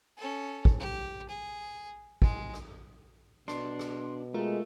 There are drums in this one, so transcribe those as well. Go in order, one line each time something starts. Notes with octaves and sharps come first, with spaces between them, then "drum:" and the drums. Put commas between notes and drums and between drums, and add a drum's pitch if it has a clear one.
C#4 A4
drum: kick
G4
G#4
G#3, drum: kick
drum: rim click
B2 D4 C6, drum: rim click
drum: rim click
G#3 A3 F4 A#4